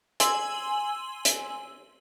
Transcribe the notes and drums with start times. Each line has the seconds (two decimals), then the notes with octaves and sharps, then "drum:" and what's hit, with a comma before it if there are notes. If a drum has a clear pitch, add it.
0.20 G#5 C6 E6 F#7, drum: hi-hat
1.25 drum: hi-hat